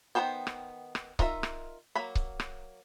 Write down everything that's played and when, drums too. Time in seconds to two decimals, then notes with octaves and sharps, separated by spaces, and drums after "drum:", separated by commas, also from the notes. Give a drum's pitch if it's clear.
0.15 D#3 B3 A4 C5 G5
0.47 drum: rim click
0.95 drum: rim click
1.19 D#4 F4 A#4 E5, drum: kick C#1
1.43 drum: rim click
1.95 F#3 A#3 B5
2.15 drum: kick C#1
2.40 drum: rim click